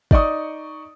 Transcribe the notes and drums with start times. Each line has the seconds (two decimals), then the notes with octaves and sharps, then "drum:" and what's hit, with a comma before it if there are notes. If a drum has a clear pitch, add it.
0.11 D#4 D5 D#5 C#6 D#6, drum: kick